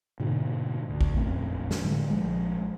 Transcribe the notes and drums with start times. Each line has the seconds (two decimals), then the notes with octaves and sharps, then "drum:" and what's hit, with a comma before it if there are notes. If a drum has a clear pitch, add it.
0.20 G#2 B2 D3 A#3
0.90 D2
1.01 drum: kick A1
1.17 F#1 F2 A#2 A3
1.71 drum: snare
1.84 A2 D3 G#3 A3
2.10 A#1 F3 G#3